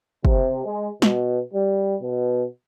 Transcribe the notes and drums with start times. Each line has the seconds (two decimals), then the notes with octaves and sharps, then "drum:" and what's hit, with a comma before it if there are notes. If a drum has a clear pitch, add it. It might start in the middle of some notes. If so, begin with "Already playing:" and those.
0.25 C3, drum: kick
0.65 G#3
1.02 B2, drum: snare
1.54 G3
2.02 B2